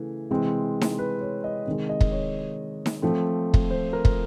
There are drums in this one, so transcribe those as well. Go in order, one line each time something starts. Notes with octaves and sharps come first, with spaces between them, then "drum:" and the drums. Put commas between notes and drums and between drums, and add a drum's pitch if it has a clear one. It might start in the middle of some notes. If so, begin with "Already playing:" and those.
Already playing: C#3 E3 A3
C3 E3 G#3 C4
drum: snare D#4
B4
C#5
D#5
C3 D#3 G#3
D#5
drum: kick
C#5
drum: snare D#4
F3 A3 C4
drum: kick
C5
A#4
drum: kick